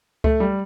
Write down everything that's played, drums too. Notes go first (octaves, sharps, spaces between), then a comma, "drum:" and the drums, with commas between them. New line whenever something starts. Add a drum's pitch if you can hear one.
A3, drum: kick C#2
G3